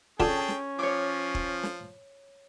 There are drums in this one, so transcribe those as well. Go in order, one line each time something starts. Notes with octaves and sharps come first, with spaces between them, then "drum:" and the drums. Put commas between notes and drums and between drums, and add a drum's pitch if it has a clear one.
D3 C#4 D4 F4 G#4 G5 A5, drum: kick
drum: snare
F3 C#5 D6
drum: kick
drum: snare